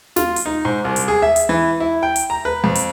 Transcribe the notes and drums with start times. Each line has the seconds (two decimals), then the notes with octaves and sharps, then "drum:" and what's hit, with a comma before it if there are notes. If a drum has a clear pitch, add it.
0.16 F4, drum: snare
0.36 drum: hi-hat
0.46 D#4
0.65 G#2
0.85 C2
0.96 drum: hi-hat
1.08 G#4
1.22 E5
1.36 drum: hi-hat
1.49 E3
1.80 E4
2.03 G5
2.16 drum: hi-hat
2.30 A#5
2.45 B4
2.64 F2
2.75 drum: hi-hat